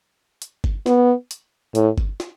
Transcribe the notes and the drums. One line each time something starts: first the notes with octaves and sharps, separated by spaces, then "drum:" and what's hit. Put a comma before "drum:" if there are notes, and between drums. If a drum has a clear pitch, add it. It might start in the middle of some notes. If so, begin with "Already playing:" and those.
drum: hi-hat
drum: kick G1
B3, drum: snare
drum: hi-hat
A2, drum: hi-hat
drum: kick G1
drum: snare